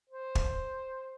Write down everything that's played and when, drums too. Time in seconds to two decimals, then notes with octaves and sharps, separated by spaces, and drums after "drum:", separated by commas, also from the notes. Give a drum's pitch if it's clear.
0.10 C5
0.35 drum: kick